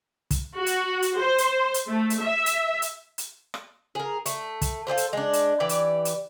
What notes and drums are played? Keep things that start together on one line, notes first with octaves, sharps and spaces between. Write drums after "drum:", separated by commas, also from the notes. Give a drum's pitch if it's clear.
drum: kick, hi-hat
F#4
drum: hi-hat
drum: hi-hat
C5
drum: hi-hat
drum: hi-hat
A3
drum: hi-hat
E5
drum: hi-hat
drum: hi-hat
drum: hi-hat
drum: rim click
G#4 A#4
A3, drum: hi-hat
drum: kick, hi-hat
F4 G#4 A4 C5
drum: hi-hat
G#3 D4
drum: hi-hat
E3 G4 D5
drum: hi-hat
drum: hi-hat